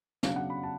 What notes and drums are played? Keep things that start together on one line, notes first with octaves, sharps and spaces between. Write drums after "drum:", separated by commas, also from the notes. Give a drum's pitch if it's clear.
C#3 F#3 B3 D4 F5, drum: snare
F#5
B5
A5